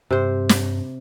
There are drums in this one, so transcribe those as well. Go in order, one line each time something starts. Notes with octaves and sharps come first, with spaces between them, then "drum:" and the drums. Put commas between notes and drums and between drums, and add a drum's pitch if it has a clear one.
G2 C3 C5
drum: snare